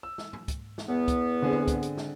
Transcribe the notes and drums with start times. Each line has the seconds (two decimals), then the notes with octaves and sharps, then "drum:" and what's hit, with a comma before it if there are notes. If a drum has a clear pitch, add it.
0.03 E6
0.18 drum: snare
0.33 drum: tom
0.48 drum: kick, hi-hat
0.78 drum: snare
0.89 E2 B3
1.08 drum: kick, hi-hat
1.42 D3 C4 G#4
1.53 drum: tom
1.68 drum: kick, hi-hat
1.82 drum: hi-hat
1.97 drum: snare